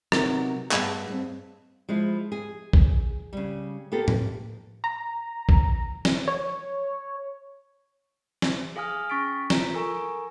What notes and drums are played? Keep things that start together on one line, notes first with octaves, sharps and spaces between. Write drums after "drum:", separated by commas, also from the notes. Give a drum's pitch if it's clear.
C3 F#3 B3 D#4 A#4, drum: rim click
G2 B3 G#4 D#5 F5 A5, drum: clap
G2 C4
F3 G#3 E4
G#4
drum: kick A#1
C#3 G3
A#3 B3 G4 A4
drum: tom A2
A#5
drum: kick A#1
drum: snare
C#5
drum: snare
G#4 F5 G#5 D#6 F6
C#4 C#6 A6 B6 D7
F4 A#5 D7, drum: snare
A4 A#4 G#5 A#5 C#6